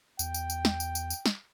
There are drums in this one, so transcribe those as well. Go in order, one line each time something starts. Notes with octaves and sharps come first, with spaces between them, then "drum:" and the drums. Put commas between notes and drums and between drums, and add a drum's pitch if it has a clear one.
E2 G5, drum: tambourine
drum: tambourine
drum: tambourine
drum: snare
drum: tambourine
drum: tambourine
drum: tambourine
drum: snare